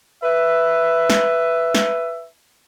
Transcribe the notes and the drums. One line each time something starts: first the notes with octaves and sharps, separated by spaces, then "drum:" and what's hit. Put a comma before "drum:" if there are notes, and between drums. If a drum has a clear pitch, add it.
B4 E5
drum: snare
drum: snare